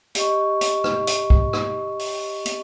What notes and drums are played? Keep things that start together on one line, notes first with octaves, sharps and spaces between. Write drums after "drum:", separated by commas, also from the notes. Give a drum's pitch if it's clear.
G4 D#5 C#6, drum: hi-hat
drum: hi-hat
drum: rim click
drum: hi-hat
drum: kick
drum: rim click
drum: open hi-hat
drum: hi-hat